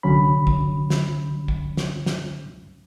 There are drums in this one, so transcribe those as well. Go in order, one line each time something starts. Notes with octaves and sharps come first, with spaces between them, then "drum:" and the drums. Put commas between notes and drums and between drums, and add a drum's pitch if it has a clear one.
C2 D3 F#3 C#4 B5
drum: kick
drum: snare
drum: kick
drum: snare
drum: snare